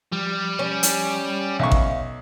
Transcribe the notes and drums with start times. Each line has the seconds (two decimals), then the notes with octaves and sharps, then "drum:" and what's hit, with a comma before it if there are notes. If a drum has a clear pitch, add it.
0.12 F3 G3
0.59 C#4
0.83 drum: hi-hat
1.59 B1 E5 F5 C#6
1.72 drum: kick A1